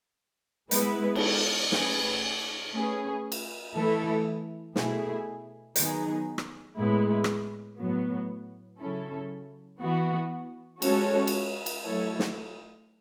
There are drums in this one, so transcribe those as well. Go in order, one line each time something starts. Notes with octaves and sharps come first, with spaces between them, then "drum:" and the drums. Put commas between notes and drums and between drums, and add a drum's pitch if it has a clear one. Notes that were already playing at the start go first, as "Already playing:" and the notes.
G#3 B3 E4 B4, drum: hi-hat
drum: cymbal
A3 C#4 G#4 B4, drum: snare
A3 C#4 G#4 B4
drum: cymbal
E3 A3 E4 A4
B2 A3 E4 G#4, drum: snare
D#3 F#3 B3 D#4 G#4, drum: hi-hat
drum: rim click
A2 G#3 B3 E4
drum: rim click
A2 F#3 B3
C#3 F#3 C#4 E4 A4
E3 B3 F#4
G#3 C#4 F#4 A4 C#5, drum: cymbal
drum: cymbal
drum: cymbal
F#3 A3 E4 A4 C#5
drum: snare